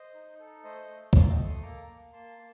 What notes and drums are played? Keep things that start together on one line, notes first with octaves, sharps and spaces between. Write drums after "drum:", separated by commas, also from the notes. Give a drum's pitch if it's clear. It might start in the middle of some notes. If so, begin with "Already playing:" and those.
Already playing: C5 D#5
D#4
A4
A3 C5 D#5
A3
A3 D5 F5, drum: kick C#2
D#5 G5
A4
C6 D#6
A#3 A#5 D6
A#3
A#3 A5 C6
A#3